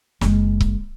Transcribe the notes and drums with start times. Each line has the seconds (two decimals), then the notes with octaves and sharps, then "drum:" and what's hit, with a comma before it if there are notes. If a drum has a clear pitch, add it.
0.21 F#1 G#3, drum: snare
0.61 drum: kick C#1